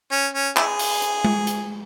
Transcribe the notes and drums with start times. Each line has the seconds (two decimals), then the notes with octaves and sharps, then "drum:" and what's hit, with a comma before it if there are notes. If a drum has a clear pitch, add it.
0.12 C#4
0.34 C#4
0.57 E4 G#4, drum: clap
0.79 drum: open hi-hat
1.02 drum: hi-hat
1.25 drum: tom G#3
1.47 drum: hi-hat